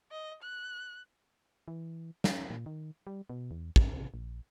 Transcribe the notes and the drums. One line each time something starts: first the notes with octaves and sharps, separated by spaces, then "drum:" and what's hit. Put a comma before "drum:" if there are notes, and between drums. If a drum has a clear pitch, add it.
D#5
F#6
E3
C#4, drum: snare
A#2
D#3
G3
B2
E2
G2, drum: kick
C3
A#1